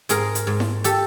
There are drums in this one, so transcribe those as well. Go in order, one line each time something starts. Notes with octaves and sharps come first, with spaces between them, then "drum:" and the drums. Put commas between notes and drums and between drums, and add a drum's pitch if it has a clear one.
G#2 G#4 A#4, drum: hi-hat
drum: hi-hat
G#2
drum: snare E4
G4 A4, drum: hi-hat